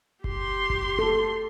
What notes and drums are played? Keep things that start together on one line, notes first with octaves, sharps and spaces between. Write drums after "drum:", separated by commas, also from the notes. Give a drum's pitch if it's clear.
G4 C6, drum: kick F#1
drum: kick F#1
A4